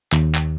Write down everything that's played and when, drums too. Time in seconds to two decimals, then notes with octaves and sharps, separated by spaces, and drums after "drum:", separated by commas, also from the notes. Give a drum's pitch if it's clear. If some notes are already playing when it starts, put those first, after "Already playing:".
0.12 D#2, drum: clap
0.35 drum: clap